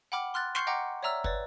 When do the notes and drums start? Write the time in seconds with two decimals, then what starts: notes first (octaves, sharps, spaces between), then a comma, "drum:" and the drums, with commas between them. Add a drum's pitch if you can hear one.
0.12 F#5 G5 B5 D6 F6
0.34 C6 F6 F#6 A6
0.55 C6 C#6 F6 G6 C7 C#7, drum: snare
0.67 D#5 F#5 G5 A#5 D6
1.03 C#5 D5 E5 A#5 E6 F6
1.24 B4 C#5 D5, drum: kick